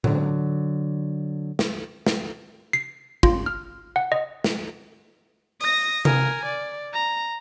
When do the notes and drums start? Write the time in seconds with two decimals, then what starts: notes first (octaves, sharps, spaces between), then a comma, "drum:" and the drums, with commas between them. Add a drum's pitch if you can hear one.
0.04 D3 F#3, drum: tom A2
1.59 drum: snare
2.07 drum: snare
2.73 C7
3.23 F4, drum: kick
3.46 F6
3.96 F#5
4.12 D#5
4.44 drum: snare
5.61 D#6 A#6, drum: open hi-hat
6.05 A#4 G#5, drum: tom C3
6.45 D5
6.93 A#5